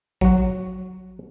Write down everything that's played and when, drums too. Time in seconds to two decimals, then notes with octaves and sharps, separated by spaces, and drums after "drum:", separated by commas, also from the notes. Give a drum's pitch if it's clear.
0.21 F#3 F#4, drum: kick